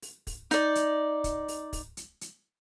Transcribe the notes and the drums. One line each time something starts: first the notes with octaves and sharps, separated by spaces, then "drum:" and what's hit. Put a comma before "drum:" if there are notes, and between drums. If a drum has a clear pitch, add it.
drum: open hi-hat
drum: kick, open hi-hat
D#4 D5, drum: hi-hat
drum: hi-hat
drum: kick, hi-hat
drum: open hi-hat
drum: kick, open hi-hat
drum: hi-hat
drum: hi-hat